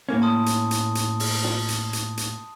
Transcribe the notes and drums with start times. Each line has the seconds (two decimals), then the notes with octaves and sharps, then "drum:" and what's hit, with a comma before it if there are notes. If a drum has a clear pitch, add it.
0.09 A2 A#3 C#4
0.22 A5 C6 D#6
0.46 drum: hi-hat
0.71 drum: hi-hat
0.95 drum: hi-hat
1.20 drum: open hi-hat
1.44 drum: snare
1.69 drum: hi-hat
1.93 drum: hi-hat
2.17 drum: hi-hat